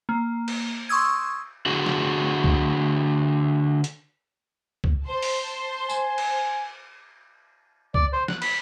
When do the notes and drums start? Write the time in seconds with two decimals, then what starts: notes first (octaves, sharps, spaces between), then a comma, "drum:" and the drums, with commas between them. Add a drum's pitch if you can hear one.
0.09 A#3
0.48 drum: cymbal
0.89 C6 C#6 D#6 E6 G#6
1.66 D3 F#4 G#4
1.86 drum: snare
2.44 drum: kick C#2
3.84 drum: hi-hat
4.84 drum: kick C#2
5.05 C5 A5
5.22 drum: open hi-hat
5.89 G#5, drum: tambourine
6.18 drum: cymbal
7.94 D5, drum: kick C#2
8.13 C5
8.28 F#6, drum: snare
8.42 B5, drum: cymbal